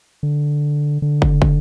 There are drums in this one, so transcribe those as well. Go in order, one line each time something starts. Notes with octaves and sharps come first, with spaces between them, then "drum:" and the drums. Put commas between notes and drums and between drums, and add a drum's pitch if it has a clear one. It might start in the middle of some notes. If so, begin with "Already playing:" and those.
D3
D3
drum: kick
drum: kick